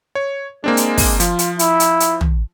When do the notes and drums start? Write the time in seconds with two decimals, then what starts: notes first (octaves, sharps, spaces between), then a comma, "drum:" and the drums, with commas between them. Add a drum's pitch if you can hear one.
0.15 C#5
0.64 G#3 A#3 C4 D4
0.77 drum: hi-hat
0.98 drum: kick, open hi-hat
1.20 F3 F4, drum: hi-hat
1.39 drum: hi-hat
1.59 E4, drum: hi-hat
1.80 drum: hi-hat
2.00 drum: hi-hat
2.21 drum: tom